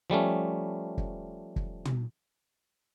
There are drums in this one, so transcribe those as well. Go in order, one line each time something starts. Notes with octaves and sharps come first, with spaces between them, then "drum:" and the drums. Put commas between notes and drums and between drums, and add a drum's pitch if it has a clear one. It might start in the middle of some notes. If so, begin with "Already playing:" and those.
F3 G3 A3 C#4
drum: kick
drum: kick
drum: tom